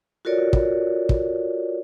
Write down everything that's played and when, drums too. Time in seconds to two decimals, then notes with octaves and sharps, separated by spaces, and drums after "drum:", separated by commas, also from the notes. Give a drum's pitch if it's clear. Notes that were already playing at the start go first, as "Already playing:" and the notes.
0.25 F4 F#4 A4 A#4 C#5 D5
0.53 drum: kick
1.09 drum: kick